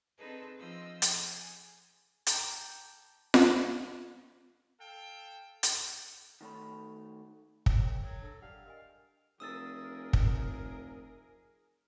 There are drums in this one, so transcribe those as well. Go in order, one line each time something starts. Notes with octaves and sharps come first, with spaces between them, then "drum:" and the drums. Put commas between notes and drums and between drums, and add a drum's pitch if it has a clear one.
C4 D4 D#4 G#4 A4 B4
F3 C4 D#5 E6
G#4, drum: hi-hat
G5 A5 A#5 D6 G6, drum: hi-hat
drum: snare F4
A4 F5 G5
drum: hi-hat
D#3 A3 C#5 B5
C#3, drum: kick
A#4 G5 A#5
F#3 A#3
D4 G#4 A4 E6
G3 F5 F#5
A#4 D#5 G#5
F1 G#4 A#4 D#6 E6 A6
drum: kick